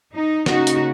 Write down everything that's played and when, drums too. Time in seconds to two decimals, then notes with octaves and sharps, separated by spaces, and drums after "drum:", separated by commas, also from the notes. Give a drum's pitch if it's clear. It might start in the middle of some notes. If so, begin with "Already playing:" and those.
0.15 D#4
0.46 C#3 A#3 D#4 F#4, drum: snare
0.67 drum: hi-hat